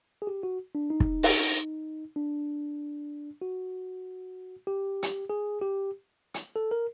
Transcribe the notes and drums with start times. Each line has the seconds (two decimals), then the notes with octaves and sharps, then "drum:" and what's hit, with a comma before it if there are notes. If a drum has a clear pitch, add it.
0.22 G#4
0.27 G4
0.43 F#4
0.75 D4
0.90 D#4
1.00 drum: kick
1.23 drum: open hi-hat
2.16 D4
3.42 F#4
4.67 G4
5.03 drum: hi-hat
5.30 G#4
5.61 G4
6.34 drum: hi-hat
6.56 A4
6.71 A#4